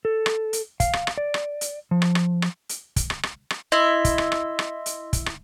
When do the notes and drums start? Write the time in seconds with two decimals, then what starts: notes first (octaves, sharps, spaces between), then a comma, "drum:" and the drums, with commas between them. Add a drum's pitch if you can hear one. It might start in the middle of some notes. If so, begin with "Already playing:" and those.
0.05 A4
0.26 drum: rim click
0.53 drum: hi-hat
0.80 F5, drum: kick, hi-hat
0.93 drum: rim click
1.07 drum: rim click
1.18 D5
1.34 drum: rim click
1.61 drum: hi-hat
1.91 F3
2.02 drum: rim click
2.15 drum: rim click
2.42 drum: rim click
2.69 drum: hi-hat
2.96 drum: kick, hi-hat
3.10 drum: rim click
3.23 drum: rim click
3.50 drum: rim click
3.72 E4 D#5 E5 C6
4.05 drum: kick, hi-hat
4.18 drum: rim click
4.32 drum: rim click
4.59 drum: rim click
4.86 drum: hi-hat
5.13 drum: kick, hi-hat
5.26 drum: rim click